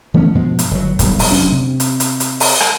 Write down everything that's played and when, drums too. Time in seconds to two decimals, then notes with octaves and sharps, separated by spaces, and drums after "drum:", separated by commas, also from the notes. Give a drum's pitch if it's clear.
0.14 E3 A3 B3 C#4
0.35 G2 B2 F3 G#3
0.59 drum: hi-hat
0.71 G1 F#3
0.99 D#1 B1 A2 G3, drum: kick, hi-hat
1.19 drum: open hi-hat
1.31 F1 F#3 C#4 D4
1.52 C3
1.80 drum: hi-hat
2.00 drum: hi-hat
2.20 drum: hi-hat
2.40 drum: open hi-hat
2.60 drum: rim click